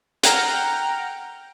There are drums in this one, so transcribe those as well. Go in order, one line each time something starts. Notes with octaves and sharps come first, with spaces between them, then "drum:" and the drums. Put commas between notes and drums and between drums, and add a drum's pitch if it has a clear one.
F#5 G5 A#5 F6, drum: hi-hat